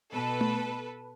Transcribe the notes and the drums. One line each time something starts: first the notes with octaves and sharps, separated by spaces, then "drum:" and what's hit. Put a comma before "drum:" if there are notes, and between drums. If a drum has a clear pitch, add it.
B2 A4 B4
drum: tom A3